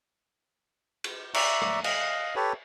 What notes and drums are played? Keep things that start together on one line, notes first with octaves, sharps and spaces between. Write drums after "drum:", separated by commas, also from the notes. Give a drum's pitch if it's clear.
drum: cymbal
D5 E5 A#5 C#6, drum: cymbal
drum: rim click
D#5 F5, drum: cymbal
G4 A4 B4 C#5